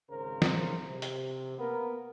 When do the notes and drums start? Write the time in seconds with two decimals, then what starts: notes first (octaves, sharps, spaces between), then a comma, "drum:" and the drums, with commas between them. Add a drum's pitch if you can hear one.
0.10 G#1 C#3 A#4 C5
0.42 drum: snare
0.86 C3
1.02 drum: hi-hat
1.59 A#3 B3 A#4